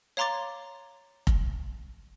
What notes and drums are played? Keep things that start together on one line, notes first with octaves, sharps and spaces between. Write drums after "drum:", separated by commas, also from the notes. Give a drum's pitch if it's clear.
C#5 F5 A#5 C6 D6 A6
drum: kick F1